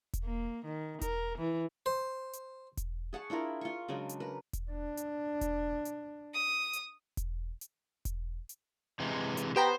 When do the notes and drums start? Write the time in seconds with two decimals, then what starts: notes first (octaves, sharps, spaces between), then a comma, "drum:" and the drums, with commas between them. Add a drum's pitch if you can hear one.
0.13 drum: kick E1, hi-hat
0.24 A#3
0.65 D#3
1.01 A#4, drum: kick E1, hi-hat
1.38 E3
1.86 C5
2.33 drum: hi-hat
2.77 drum: kick E1, hi-hat
3.13 G#4 F#5 A5 C#6
3.30 D4 E4 F4 A#4
3.61 F4 C#6
3.88 C#3 F#3 G#3 D4
4.09 drum: hi-hat
4.20 A#4 B4
4.53 drum: kick E1, hi-hat
4.71 D4
4.97 drum: hi-hat
5.41 drum: kick E1, hi-hat
5.85 drum: hi-hat
6.34 D#6
6.73 drum: hi-hat
7.17 drum: kick E1, hi-hat
7.61 drum: hi-hat
8.05 drum: kick E1, hi-hat
8.49 drum: hi-hat
9.00 C3 E3 G#3
9.37 drum: hi-hat
9.56 B3 G4 C5 G5 A#5